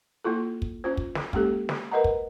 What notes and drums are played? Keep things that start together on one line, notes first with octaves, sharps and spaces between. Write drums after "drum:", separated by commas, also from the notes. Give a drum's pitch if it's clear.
A#3 E4 F4 A4
drum: kick
C#4 F4 C5
drum: kick
drum: snare
G#3 A#3 C#4 G4 A4, drum: kick
drum: snare
A#4 B4 D#5 F#5 A#5
drum: kick